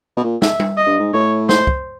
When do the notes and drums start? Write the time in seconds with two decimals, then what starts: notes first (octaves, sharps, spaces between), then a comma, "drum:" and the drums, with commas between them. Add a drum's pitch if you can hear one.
0.17 B2
0.24 A#2
0.42 E5, drum: snare
0.60 drum: tom G3
0.78 D#5
0.87 G2
1.00 G#2
1.13 A2 C#5
1.49 C5, drum: snare
1.67 drum: kick